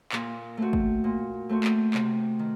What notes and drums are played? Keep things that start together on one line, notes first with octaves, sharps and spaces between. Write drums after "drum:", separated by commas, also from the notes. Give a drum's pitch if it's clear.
A#2, drum: clap
A3 C4 F#4
drum: kick
A#2
A3 C4 F#4
drum: clap
C3, drum: clap
D#3